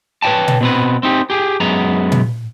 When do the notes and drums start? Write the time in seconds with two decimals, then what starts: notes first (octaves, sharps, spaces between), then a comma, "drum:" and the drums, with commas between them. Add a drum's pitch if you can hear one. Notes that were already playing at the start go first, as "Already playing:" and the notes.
0.22 B4 C#5 D#5 G5 A5
0.48 drum: tom A#2
0.61 B2 C4 B4
1.03 C4 D#4 G4
1.30 G4 G#4
1.60 F#2 G#3 B3 A#5
2.12 drum: tom A#2